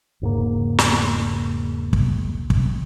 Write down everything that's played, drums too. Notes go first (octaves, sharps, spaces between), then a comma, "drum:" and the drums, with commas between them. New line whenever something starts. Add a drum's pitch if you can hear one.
E1 G#2 C#3 A#3
drum: snare
drum: kick
drum: kick